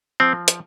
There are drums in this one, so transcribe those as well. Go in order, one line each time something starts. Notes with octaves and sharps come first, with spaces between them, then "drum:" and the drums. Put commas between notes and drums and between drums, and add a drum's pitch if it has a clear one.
F3 C4
drum: hi-hat